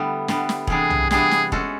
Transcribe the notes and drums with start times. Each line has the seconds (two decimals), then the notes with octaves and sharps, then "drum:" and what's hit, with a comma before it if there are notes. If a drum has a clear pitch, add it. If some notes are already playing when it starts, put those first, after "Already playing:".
Already playing: D3 G3 A3 B3 E4
0.28 D3 G3 B3, drum: snare
0.49 drum: snare
0.67 C3 E3 G3 B3 D4 G#4, drum: kick E1
0.90 drum: tom
1.11 C3 E3 G3 B3 D4 G#4, drum: snare
1.31 drum: snare
1.52 G#3 C#4 F#4 A4, drum: kick E1